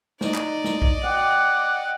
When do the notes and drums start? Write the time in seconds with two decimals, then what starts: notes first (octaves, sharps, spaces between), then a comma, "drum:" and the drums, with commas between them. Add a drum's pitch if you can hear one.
0.21 D#4 D5 D#5, drum: snare
0.34 drum: clap
0.64 drum: snare
0.82 drum: kick A#1
1.04 F#5 G5 D6